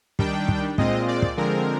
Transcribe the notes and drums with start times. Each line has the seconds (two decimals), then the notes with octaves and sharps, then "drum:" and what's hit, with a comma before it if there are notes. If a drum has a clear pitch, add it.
0.19 D#3 G3 D4 G5, drum: kick
0.48 drum: kick
0.78 A#2 G#3 C4 F4 D#5, drum: kick
1.08 D5
1.22 drum: kick
1.37 D3 F3 G#3 C4 A#4